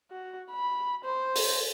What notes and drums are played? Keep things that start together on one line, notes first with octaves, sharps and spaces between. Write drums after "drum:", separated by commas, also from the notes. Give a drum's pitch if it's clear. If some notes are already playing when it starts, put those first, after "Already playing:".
F#4
B5
C5
drum: open hi-hat